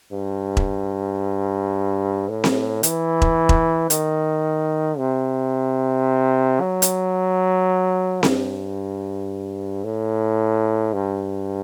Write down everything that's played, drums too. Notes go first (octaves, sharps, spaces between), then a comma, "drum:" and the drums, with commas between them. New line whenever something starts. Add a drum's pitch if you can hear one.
G2
drum: kick E1
A2
drum: snare C4
E3, drum: hi-hat
drum: kick E1
drum: kick E1
D#3, drum: hi-hat
C3
F#3
drum: hi-hat
G2, drum: snare C4
A2
G2